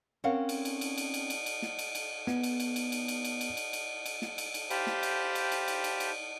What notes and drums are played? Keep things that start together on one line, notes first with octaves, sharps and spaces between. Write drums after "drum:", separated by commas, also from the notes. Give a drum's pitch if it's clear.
C4 C#4 A#4 F5 F#5
drum: cymbal
drum: cymbal
drum: cymbal
drum: cymbal
drum: cymbal
drum: cymbal
drum: cymbal
drum: snare
drum: cymbal
drum: cymbal
B3, drum: snare
drum: cymbal
drum: cymbal
drum: cymbal
drum: cymbal
drum: cymbal
drum: cymbal
drum: cymbal
drum: cymbal
drum: cymbal
drum: cymbal
drum: snare
drum: cymbal
drum: cymbal
G4 C5 F5 G5 A5 B5, drum: cymbal
drum: snare
drum: cymbal
drum: cymbal
drum: cymbal
drum: cymbal
drum: cymbal
drum: cymbal